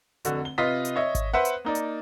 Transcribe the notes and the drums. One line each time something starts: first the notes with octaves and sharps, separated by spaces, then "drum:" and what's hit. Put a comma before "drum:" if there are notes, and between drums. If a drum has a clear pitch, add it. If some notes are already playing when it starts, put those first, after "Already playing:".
F1 D3 F#4, drum: hi-hat
G7
C3 F4 B4 D#5 C6 B6
drum: hi-hat
C#5 D#5 E5
drum: kick G#1, hi-hat
B4 C5 E5 F#5
drum: hi-hat
A#3 D#4 D5
drum: hi-hat